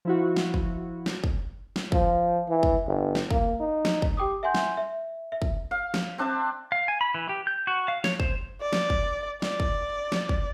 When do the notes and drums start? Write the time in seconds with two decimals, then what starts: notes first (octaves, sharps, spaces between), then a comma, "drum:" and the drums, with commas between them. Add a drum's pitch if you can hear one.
0.05 F3 E4 F#4
0.36 drum: snare
0.54 drum: kick
1.06 drum: snare
1.24 drum: kick
1.76 drum: snare
1.92 F3, drum: kick
2.49 E3
2.63 drum: kick
2.87 G1
3.15 drum: snare
3.31 A#3, drum: kick
3.60 D#4
3.85 drum: snare
4.02 drum: kick
4.17 G4 G5 D6 D#6
4.43 E5 F#5 G#5 C6 G6
4.55 drum: snare
4.77 E5
5.32 E5
5.42 drum: kick
5.71 F5
5.94 drum: snare
6.18 C4 D4 E5 A5
6.72 F5
6.88 G#5
7.01 B5
7.14 E3
7.29 G4
7.47 G6
7.67 F#4
7.88 F5
8.04 C#5, drum: snare
8.20 C5, drum: kick
8.61 D5
8.73 drum: snare
8.90 drum: kick
9.42 D5, drum: snare
9.60 drum: kick
10.12 drum: snare
10.29 drum: kick